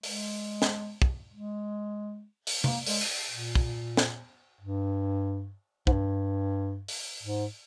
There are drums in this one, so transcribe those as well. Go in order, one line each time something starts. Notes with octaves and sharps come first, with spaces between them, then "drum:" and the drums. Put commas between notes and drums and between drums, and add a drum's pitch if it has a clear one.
G#3, drum: open hi-hat
drum: snare
drum: kick
G#3
drum: open hi-hat
A#3, drum: tom C3
G#3, drum: open hi-hat
drum: cymbal
A#2
drum: kick
drum: snare
G2
G#2, drum: kick
G2
drum: open hi-hat
G#2